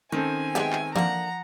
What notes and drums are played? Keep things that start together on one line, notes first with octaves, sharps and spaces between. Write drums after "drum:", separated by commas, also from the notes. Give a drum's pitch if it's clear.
D#3 C4 C#4 A4 G#5
G#3 A#3 B3 G4 E5 G5
drum: clap
D3 F3 A#3 F#5 A#5, drum: tom E3